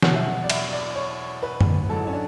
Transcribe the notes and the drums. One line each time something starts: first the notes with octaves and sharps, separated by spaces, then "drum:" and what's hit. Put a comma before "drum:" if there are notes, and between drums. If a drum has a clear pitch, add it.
E1 E2 B2 F#3 F#5, drum: snare
E5
F#5
D5
E5, drum: cymbal
D5
C#5
B4
drum: tom
A1 G#2 F#3 A4
C#4
D4